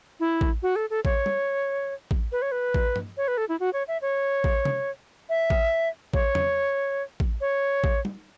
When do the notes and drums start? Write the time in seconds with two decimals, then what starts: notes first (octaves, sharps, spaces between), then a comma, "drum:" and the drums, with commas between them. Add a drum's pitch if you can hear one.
0.20 E4
0.41 drum: kick A1
0.63 F#4
0.76 A4
0.90 A4
1.05 C#5, drum: kick A1
1.26 drum: tom
2.11 drum: kick A1
2.32 B4
2.42 C#5
2.52 B4
2.74 drum: kick A1
2.96 drum: tom G2
3.17 C#5
3.28 B4
3.38 A4
3.49 E4
3.60 F#4
3.73 C#5
3.88 E5
4.02 C#5
4.44 drum: kick A1
4.65 drum: tom C3
5.29 E5
5.50 drum: kick A1
6.14 C#5, drum: kick A1
6.35 drum: tom E2
7.20 drum: kick A1
7.41 C#5
7.84 drum: kick A1
8.05 drum: tom